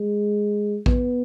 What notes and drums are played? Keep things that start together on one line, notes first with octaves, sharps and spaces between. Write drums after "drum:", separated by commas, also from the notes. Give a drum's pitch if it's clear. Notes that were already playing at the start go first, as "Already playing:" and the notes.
Already playing: G#3
B3, drum: kick